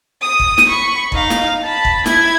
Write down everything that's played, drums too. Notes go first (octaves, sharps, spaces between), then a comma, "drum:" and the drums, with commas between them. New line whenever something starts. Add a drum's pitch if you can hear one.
D#6
drum: kick
drum: snare
B5 C#6
D#4 F5, drum: kick
drum: snare
A5 B5
drum: kick
E4 G#6, drum: snare